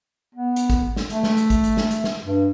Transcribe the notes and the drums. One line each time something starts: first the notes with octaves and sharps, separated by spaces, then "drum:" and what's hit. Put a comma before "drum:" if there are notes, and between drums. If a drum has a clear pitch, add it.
B3
drum: hi-hat
drum: kick G#1, hi-hat
drum: snare
A3, drum: hi-hat
drum: snare
drum: hi-hat
drum: kick G#1, hi-hat
drum: hi-hat
drum: snare
drum: hi-hat
drum: snare
G2